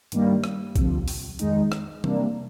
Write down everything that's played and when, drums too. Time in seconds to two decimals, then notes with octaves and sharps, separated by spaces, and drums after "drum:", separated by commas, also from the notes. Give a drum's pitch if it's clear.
0.12 G2 D#3 G3 A#3, drum: hi-hat
0.44 drum: rim click
0.76 D2 C3 F3, drum: kick A#1, hi-hat
1.08 drum: open hi-hat
1.39 F2 D#3 G#3 D#4, drum: hi-hat
1.72 drum: rim click
2.04 C3 G3 A#3 D4, drum: tom E3